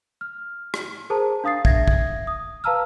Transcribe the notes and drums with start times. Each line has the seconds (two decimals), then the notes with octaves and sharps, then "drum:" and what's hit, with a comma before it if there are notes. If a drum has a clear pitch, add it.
0.21 F6
0.74 drum: rim click
1.10 G#4 A#4 C5 A5 A#5
1.44 D4 F5 D#6 A6 C7
1.65 E5 G#6 A#6, drum: kick
1.88 drum: kick
2.27 D#6
2.64 B4 F5 A5 A#5 E6 F6